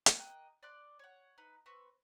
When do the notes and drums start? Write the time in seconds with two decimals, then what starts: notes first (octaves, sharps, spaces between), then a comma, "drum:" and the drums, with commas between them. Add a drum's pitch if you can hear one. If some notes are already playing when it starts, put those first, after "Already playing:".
0.06 drum: hi-hat
0.18 A#3 D#5 G5 F#6
0.63 D5 C6 D6 F#6
0.99 C#5 F#5
1.38 D#4 B4
1.66 C4 B4 C#6